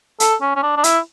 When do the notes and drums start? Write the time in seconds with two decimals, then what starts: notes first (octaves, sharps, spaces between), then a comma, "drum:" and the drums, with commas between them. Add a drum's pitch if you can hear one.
0.20 A4, drum: hi-hat
0.41 C#4
0.56 C#4
0.63 D4
0.77 D4
0.84 E4, drum: hi-hat